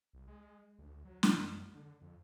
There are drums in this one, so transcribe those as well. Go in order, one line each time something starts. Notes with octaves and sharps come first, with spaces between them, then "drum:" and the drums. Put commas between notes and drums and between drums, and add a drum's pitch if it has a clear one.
C2
G#3
D2
F#3
E3, drum: snare
F#2
D3
F2